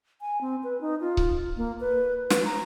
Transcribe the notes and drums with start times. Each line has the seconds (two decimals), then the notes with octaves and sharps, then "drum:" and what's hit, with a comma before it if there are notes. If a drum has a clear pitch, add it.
0.21 G#5
0.41 C4
0.63 B4
0.81 D#4
1.00 F4
1.17 drum: kick C#1
1.57 A#3
1.80 B4
2.30 B4, drum: snare
2.45 A#5